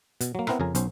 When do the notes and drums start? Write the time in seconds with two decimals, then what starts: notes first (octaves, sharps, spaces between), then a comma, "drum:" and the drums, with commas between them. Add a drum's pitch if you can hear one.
0.21 B2, drum: hi-hat
0.35 F#3 A#3
0.47 B3 C4 E4 A#4 B4, drum: rim click
0.60 F2 C#3 A#4 G#5
0.75 B1 C#4 C5, drum: hi-hat